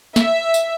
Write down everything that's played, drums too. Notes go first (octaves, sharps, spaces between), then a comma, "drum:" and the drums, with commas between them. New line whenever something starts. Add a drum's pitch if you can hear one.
E5, drum: snare
drum: tambourine